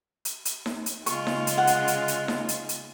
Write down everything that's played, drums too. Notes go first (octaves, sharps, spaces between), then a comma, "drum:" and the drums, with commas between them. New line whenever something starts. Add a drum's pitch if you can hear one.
drum: hi-hat
drum: hi-hat
drum: snare D#4
drum: hi-hat
C#3 G#3 F4 C#6, drum: hi-hat
drum: snare D#4
drum: hi-hat
F#5
drum: hi-hat
drum: hi-hat
drum: hi-hat
drum: snare D#4
drum: hi-hat
drum: hi-hat